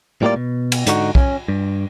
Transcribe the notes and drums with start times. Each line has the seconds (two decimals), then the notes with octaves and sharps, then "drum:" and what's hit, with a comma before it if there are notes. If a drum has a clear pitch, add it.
0.22 A2 G3 A#3 F4 D5
0.36 B2
0.72 drum: cymbal
0.86 G#2 D3 D#4 F#4, drum: hi-hat
1.15 C#4, drum: kick
1.49 G2